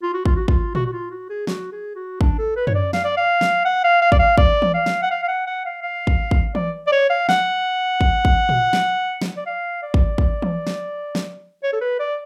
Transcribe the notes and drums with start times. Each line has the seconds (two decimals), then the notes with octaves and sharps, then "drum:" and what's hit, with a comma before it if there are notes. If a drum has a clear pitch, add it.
0.03 F4
0.14 F#4
0.26 F4, drum: kick
0.36 F#4
0.48 F4, drum: kick
0.75 F#4, drum: tom A#2
0.87 F#4
0.93 F4
1.11 F#4
1.30 G#4
1.47 F#4, drum: snare
1.72 G#4
1.96 F#4
2.21 D4, drum: kick
2.39 A4
2.56 B4
2.67 C#5, drum: tom F#2
2.75 D5
2.93 F5, drum: snare
3.05 D5
3.17 F5
3.41 drum: snare
3.65 F#5
3.84 F5
4.02 F5
4.12 D5, drum: kick
4.19 F5
4.38 D5, drum: kick
4.62 drum: tom E3
4.74 F5
4.86 drum: snare
5.02 F#5
5.11 F5
5.23 F5
5.28 F#5
5.47 F#5
5.65 F5
5.82 F5
6.07 drum: kick
6.31 drum: kick
6.55 D5, drum: tom E3
6.87 D5
6.92 C#5
7.10 F5
7.29 F#5, drum: snare
8.01 drum: kick
8.25 drum: kick
8.49 drum: tom A#2
8.73 drum: snare
9.22 drum: snare
9.37 D5
9.46 F5
9.83 D5
9.94 drum: kick
10.18 drum: kick
10.42 drum: tom E3
10.67 drum: snare
11.15 drum: snare
11.63 C#5
11.73 A4
11.81 B4
11.99 D5